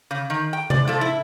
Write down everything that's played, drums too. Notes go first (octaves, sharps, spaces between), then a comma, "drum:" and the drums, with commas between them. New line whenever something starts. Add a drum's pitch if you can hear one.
C#3
D#3
G5
D5, drum: tom C3
F3 A4
E4